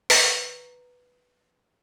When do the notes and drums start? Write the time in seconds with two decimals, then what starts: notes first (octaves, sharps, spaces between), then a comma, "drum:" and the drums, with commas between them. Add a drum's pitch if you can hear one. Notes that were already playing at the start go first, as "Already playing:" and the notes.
0.10 B4 A#5, drum: open hi-hat